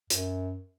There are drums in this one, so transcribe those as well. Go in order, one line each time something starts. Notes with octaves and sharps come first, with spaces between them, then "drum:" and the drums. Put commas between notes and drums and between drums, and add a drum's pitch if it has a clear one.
F#2, drum: hi-hat